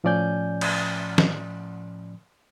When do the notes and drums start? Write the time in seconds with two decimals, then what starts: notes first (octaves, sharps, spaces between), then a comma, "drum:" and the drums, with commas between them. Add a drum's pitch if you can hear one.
0.04 A2 F3 C#4 D5 G#5 G6
0.61 drum: cymbal
1.18 drum: snare